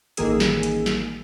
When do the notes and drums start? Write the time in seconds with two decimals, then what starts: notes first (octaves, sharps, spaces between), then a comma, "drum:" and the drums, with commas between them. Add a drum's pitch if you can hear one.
0.17 A1 D#3 A#3 G#4 E6, drum: hi-hat
0.40 drum: snare
0.63 drum: hi-hat
0.86 drum: snare